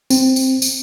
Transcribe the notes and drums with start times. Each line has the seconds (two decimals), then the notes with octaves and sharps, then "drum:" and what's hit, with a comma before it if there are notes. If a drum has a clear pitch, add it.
0.10 C4, drum: tambourine
0.36 drum: tambourine
0.62 drum: tambourine